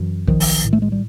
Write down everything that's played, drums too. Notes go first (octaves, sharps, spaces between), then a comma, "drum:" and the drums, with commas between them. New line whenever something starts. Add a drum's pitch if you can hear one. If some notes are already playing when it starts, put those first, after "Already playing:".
Already playing: F#2 E3
B1 D#3 F3, drum: kick
drum: open hi-hat
A2
A3
G#3
G3